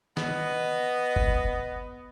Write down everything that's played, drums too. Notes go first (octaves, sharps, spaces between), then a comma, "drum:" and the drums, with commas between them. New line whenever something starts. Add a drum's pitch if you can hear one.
B3 D#5, drum: snare
drum: kick